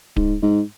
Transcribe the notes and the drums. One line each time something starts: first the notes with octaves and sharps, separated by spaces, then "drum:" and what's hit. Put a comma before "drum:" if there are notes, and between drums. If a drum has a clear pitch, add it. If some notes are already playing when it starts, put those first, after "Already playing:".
G#2, drum: kick D1
G#2